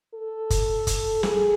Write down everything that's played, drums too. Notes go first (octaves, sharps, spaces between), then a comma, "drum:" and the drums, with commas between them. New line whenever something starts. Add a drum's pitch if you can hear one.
A4
drum: kick, hi-hat
drum: kick, hi-hat
G#4, drum: snare